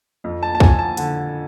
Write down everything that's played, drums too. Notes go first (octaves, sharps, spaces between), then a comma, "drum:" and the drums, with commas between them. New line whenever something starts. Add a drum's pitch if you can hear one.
F2
A5
A5
F3 G#5, drum: kick
A5
D3, drum: hi-hat